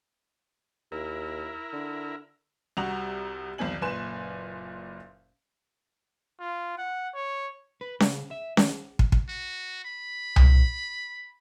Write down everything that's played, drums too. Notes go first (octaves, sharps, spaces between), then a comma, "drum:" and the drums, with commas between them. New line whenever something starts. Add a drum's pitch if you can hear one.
D#2 E4 A#4
D3
C2 C3 F#4 A#5 F7
B1 E2 D#3 C4 G#5 F#7
F#1 A#2 B4 G#5 C6 E7
F4
F#5
C#5
B4
C#3, drum: snare C#4
E5
D#3, drum: snare C#4
drum: kick
drum: kick
F#4
B5
drum: tom C2